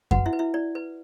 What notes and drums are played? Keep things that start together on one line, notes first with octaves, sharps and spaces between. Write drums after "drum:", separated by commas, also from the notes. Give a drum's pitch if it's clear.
F#4 B4 F#5, drum: kick F#2
E4 E5
B4
E4 E5
E4 D5
B4